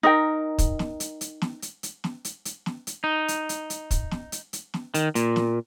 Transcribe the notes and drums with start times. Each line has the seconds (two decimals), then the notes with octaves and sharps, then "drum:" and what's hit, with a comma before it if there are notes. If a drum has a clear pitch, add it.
0.03 D#4 A#4 G5
0.58 drum: kick, hi-hat
0.79 drum: snare
1.00 drum: hi-hat
1.21 drum: hi-hat
1.42 drum: snare
1.62 drum: hi-hat
1.83 drum: hi-hat
2.04 drum: snare
2.25 drum: hi-hat
2.45 drum: hi-hat
2.66 drum: snare
2.87 drum: hi-hat
3.04 D#4
3.28 drum: hi-hat
3.49 drum: hi-hat
3.70 drum: hi-hat
3.91 drum: kick, hi-hat
4.11 drum: snare
4.32 drum: hi-hat
4.53 drum: hi-hat
4.74 drum: snare
4.94 D#3, drum: hi-hat
5.15 A#2, drum: hi-hat
5.36 drum: snare